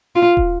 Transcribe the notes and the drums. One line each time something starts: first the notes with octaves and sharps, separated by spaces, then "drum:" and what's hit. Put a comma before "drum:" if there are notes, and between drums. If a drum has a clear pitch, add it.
F4
drum: kick D#1